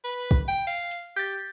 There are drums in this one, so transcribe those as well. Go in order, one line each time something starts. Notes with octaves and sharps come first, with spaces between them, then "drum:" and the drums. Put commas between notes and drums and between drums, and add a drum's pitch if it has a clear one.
B4
drum: kick
G5
F5, drum: open hi-hat
drum: hi-hat
G4 G6 A6